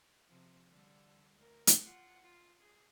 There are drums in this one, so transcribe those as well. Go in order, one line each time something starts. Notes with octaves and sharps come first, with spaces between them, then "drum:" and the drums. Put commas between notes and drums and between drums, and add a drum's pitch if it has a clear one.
C3 F3
D3 G3
D2 A#4
drum: hi-hat
F4 F#5
F4
G#4